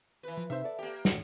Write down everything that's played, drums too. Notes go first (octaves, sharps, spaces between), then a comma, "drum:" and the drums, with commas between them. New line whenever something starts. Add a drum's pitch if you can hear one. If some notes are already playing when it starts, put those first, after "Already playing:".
E3 B4
F3
C3 D#4 C5 E5
A4 D5
A#3 G4
F#4, drum: snare